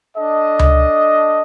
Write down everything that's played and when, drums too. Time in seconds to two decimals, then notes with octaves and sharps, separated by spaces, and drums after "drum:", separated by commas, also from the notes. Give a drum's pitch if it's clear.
0.17 D4 A4 D#5
0.59 drum: tom C#2